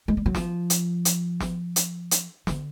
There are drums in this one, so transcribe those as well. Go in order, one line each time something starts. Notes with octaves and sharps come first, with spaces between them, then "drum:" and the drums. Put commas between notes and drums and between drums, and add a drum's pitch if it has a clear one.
G#3
G3
F#3
F3, drum: snare
drum: hi-hat
drum: hi-hat
drum: snare
drum: hi-hat
drum: hi-hat
D3, drum: snare